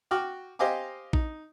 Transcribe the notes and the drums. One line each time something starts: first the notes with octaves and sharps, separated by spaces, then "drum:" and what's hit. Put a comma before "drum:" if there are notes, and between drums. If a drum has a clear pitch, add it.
F#4 G5 D6 F6
G4 C5 D#5 F5 G#5 D6
D#4, drum: kick A#1